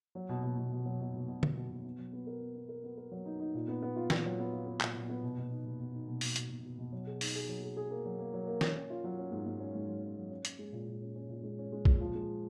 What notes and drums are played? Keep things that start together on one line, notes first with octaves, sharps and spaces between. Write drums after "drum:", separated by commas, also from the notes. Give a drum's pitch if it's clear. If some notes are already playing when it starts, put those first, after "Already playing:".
F#3
B2
B2
B2
B2
F#3
B2
B2
B2
B2, drum: tom
B2
B2
B3
F#3
B3
A#4
B3
B3
A#4
B3
A#4
F#3
D#4
D#4
A#2
B3
B3
F4
A#2, drum: snare
F#3
B3
F4
B3
A#2, drum: clap
A#2
B3
B2
B2
D#4
B2
B2
D#4
B2
B2, drum: open hi-hat
B2, drum: hi-hat
B2
B2
B2
F#3
G#4
D#4, drum: open hi-hat
G#4
F#3
G#4
G#4
A#3
F#3
A#3
F#3
A#3
C#4, drum: snare
C#4
F4
F#3
C#4
G#2
G#2
C#4
G#2
F#3
C#4
F#3
C#4
C#4, drum: hi-hat
G#3
A#2
A#2
C#4
C#4
A#2
G#3
C#4
G#3
A#2, drum: kick
F3
G#3